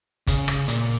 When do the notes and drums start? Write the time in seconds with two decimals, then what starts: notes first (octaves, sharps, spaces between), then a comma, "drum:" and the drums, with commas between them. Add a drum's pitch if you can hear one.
0.27 C#3, drum: kick G1, hi-hat
0.48 drum: rim click
0.68 A#2, drum: hi-hat